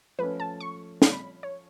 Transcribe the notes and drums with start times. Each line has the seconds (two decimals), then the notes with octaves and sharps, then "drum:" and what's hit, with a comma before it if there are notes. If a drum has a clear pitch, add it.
0.18 F3 A3 C#4 B4
0.40 A5
0.60 C#6
1.02 drum: snare
1.12 B5
1.43 C#5